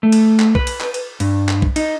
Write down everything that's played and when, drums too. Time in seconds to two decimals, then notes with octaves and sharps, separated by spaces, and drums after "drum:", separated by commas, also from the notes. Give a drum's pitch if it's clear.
0.03 A3
0.12 drum: cymbal
0.40 drum: clap
0.55 B4, drum: kick
0.67 drum: cymbal
0.81 drum: clap
0.94 drum: cymbal
1.20 G2, drum: cymbal
1.49 drum: clap
1.62 drum: kick
1.76 D#4, drum: cymbal